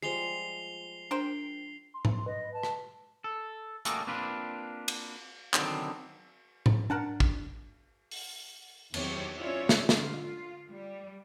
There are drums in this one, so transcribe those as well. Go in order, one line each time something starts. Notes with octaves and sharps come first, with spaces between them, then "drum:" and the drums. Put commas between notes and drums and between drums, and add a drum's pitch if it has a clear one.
F3 G3 G#3 C7 F7 G7
D4 A#4 C5 G5
C6
drum: tom G#2
B4 D#5
A5
drum: rim click
A4
G3 A3 A#3 F#4 G#4 A4, drum: hi-hat
A#3 C4 D4 F4 B4
drum: cymbal
D3 D#3 F#3 B3 C4, drum: clap
drum: tom G#2
D4 A#4 F#5 A5
drum: kick
drum: open hi-hat
E2 D#3 F#3 C4 G4 C#5, drum: cymbal
C#4 E4 F4 C#5 D5 E5
drum: snare
D3 F4, drum: snare
F4
G3